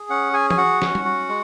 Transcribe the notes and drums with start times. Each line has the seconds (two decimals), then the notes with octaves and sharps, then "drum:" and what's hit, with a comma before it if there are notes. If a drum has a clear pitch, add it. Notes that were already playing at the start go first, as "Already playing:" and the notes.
Already playing: G#4
0.10 C#4 F#5
0.33 G#4 G#5
0.50 G#5, drum: tom
0.57 F#4 F#5
0.82 C#4, drum: snare
0.95 drum: tom G3
1.05 F#4
1.29 G#3